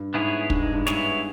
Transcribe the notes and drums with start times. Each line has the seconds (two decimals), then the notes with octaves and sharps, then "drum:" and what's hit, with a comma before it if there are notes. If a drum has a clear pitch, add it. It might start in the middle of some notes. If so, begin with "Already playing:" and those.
Already playing: G2
0.14 G#2 B3 E4 G#4 C#5
0.50 G2 G#3, drum: kick
0.62 G#2
0.73 G2
0.87 G#2 B3 E4 G#4 C#5, drum: snare